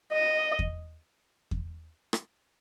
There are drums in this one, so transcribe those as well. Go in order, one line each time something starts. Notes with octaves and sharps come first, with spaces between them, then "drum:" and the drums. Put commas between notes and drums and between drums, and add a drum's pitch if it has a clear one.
D#5
drum: kick E2
drum: kick E2
drum: rim click